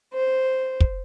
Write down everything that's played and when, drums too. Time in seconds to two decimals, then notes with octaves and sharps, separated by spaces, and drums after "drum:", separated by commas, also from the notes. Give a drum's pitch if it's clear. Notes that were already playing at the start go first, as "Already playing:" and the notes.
0.12 C5
0.80 drum: kick